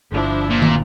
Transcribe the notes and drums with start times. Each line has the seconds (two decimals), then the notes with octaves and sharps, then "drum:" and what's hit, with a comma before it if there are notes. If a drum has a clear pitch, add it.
0.12 G1 F3 D4 E4
0.50 A#2
0.62 drum: tom